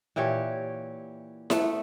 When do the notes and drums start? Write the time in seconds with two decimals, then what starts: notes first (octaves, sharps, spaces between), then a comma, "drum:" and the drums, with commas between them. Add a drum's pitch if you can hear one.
0.16 A#2 E3 G4 C#5
1.50 A3 B3, drum: snare E4